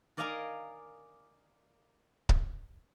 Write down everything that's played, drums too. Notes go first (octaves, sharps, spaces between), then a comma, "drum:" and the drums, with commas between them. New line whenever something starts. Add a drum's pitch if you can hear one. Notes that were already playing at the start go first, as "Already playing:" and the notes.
A#4 D5 D#5 F5 G#5 A#5
drum: kick C#1